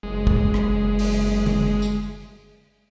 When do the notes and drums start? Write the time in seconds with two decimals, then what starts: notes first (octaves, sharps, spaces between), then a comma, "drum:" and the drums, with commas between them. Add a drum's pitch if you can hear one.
0.03 F#1 G#3
0.27 drum: kick
0.54 drum: rim click
0.99 drum: open hi-hat
1.46 drum: tom
1.82 drum: tambourine